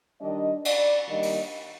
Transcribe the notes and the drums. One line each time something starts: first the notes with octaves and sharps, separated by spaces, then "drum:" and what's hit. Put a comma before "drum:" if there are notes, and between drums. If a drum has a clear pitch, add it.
D#3 G3 D4 D#5
D5, drum: cymbal
D#3 G3 A#3 D4 D#5
drum: open hi-hat